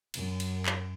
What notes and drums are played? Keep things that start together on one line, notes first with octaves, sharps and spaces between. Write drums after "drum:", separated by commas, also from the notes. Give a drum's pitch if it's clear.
F#2, drum: cymbal
drum: cymbal
drum: clap